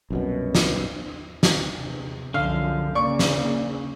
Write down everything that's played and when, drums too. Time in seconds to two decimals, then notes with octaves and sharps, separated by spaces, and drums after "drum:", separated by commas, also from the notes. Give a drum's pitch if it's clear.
0.10 C2 F#2 B2
0.55 drum: snare
1.43 drum: snare
1.73 E2 C3
2.34 C2 F#2 D3 F3 F5
2.95 C#3 A#3 D5 C#6
3.19 drum: snare